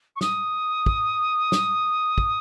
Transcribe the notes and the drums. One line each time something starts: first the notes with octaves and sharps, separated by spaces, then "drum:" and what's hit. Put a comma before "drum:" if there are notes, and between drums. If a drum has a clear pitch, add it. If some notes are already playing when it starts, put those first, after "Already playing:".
C#6
D#6, drum: snare
drum: kick
drum: snare
drum: kick